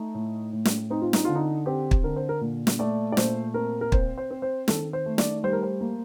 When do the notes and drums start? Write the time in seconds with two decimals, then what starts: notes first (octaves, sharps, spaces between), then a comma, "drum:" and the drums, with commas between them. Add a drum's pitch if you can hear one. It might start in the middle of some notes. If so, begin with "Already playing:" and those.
Already playing: A3 D#4
0.15 A2
0.53 A2
0.65 drum: snare
0.90 C4 D#4
1.02 F4
1.13 D#4, drum: snare
1.25 D3 F4
1.35 D#4
1.66 C4 G4
1.91 drum: kick
2.04 D3 A#4
2.16 C5
2.29 A#4
2.41 A#2
2.67 drum: snare
2.79 A3 D5
3.12 D5
3.17 A#2 C5, drum: snare
3.54 C4 A#4
3.81 A#4
3.92 C4 C5, drum: kick
4.18 C5
4.31 C4
4.42 C5
4.68 D#3 A4, drum: snare
4.93 C5
5.06 A3
5.18 D5, drum: snare
5.44 G3 C5
5.53 A#4
5.63 C5
5.81 A#3